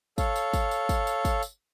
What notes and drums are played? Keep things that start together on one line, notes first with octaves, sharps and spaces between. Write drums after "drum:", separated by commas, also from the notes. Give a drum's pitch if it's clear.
A4 C#5 F5, drum: kick, tambourine
drum: tambourine
drum: kick, tambourine
drum: tambourine
drum: kick, tambourine
drum: tambourine
drum: kick, tambourine
drum: tambourine